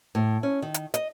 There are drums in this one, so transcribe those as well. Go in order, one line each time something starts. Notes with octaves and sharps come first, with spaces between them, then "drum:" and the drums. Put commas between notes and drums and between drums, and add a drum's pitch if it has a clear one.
A2
C#4
D#3
drum: hi-hat
D#5, drum: hi-hat